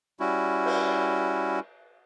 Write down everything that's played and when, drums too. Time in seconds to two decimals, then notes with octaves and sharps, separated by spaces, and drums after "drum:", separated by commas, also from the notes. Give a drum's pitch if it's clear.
0.20 G3 C#4 E4 F#4
0.65 drum: cymbal